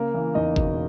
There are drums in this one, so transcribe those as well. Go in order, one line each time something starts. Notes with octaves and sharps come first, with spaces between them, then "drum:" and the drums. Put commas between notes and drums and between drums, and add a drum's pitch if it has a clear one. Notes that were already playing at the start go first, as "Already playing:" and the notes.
Already playing: C#3 A#3 A#4
E3
E2 D#4 D#5
E1, drum: kick